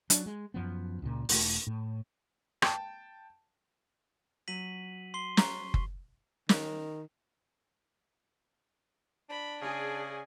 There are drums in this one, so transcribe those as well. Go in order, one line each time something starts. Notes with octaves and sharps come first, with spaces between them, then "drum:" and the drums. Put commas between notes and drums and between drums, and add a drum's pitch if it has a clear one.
F#3 D4, drum: hi-hat
G#3
F#2 F3 B3
C#2 A#2
E1 G#3 A3, drum: open hi-hat
A2
G5 A5, drum: rim click
F#3 B6 D#7 F#7
C6 C7 G7
A#5 C#6, drum: snare
drum: kick F#1
D#3, drum: snare
D4 B5
C#3 G#4 D5 D#5 G#5